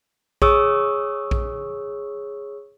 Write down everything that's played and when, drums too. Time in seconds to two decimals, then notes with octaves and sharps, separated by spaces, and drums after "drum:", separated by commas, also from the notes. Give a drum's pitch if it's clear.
0.42 G#4 C#5 C#6 D#6 E6, drum: kick A#1
1.31 drum: kick A#1